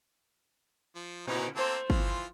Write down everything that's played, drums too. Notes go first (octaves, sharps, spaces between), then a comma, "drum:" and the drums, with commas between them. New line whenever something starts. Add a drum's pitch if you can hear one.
F3
A#2 C#4 D#4 E4
A3 A#3 C4 A4 C5
E3 F3 F4, drum: kick